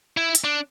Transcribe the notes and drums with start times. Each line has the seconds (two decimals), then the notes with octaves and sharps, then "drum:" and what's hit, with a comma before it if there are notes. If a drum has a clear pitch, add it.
0.17 E4
0.35 drum: hi-hat
0.44 D4